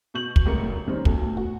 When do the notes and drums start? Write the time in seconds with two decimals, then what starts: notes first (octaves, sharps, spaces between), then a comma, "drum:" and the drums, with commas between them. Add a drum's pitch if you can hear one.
0.14 B2 C#6 G6 F#7
0.36 drum: kick
0.46 F#1 C2 G#3 A3 A#4 C#7
0.87 D#3 G3 C4 C#4
1.05 G1 D2 A4, drum: kick
1.34 A2 F#4